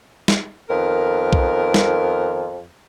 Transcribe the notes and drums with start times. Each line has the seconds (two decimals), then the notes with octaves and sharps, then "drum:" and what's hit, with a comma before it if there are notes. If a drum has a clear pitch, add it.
0.28 drum: snare
0.70 F2 D#3 B3 A#4
1.33 drum: kick B1
1.74 drum: snare